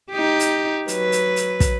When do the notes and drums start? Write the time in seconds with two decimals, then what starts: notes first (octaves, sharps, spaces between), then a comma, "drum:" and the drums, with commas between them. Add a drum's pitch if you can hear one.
0.11 D#4 G4
0.40 drum: hi-hat
0.88 F#3 B4, drum: hi-hat
1.12 drum: hi-hat
1.36 drum: hi-hat
1.60 drum: kick, hi-hat